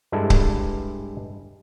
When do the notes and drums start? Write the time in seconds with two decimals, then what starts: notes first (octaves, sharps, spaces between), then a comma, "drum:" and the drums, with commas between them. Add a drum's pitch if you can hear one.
0.12 G2 G3 G#3 E4 A4 G#5
0.30 drum: kick C#1